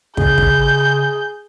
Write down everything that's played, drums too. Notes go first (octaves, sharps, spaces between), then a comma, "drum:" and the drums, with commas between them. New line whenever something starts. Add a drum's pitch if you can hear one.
C#3 G#4 G6, drum: kick
drum: kick